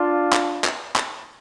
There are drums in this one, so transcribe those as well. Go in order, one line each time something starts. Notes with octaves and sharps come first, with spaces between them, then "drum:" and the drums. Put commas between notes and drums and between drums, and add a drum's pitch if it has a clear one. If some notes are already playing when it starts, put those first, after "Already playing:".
Already playing: D4 F4
drum: clap
drum: clap
drum: clap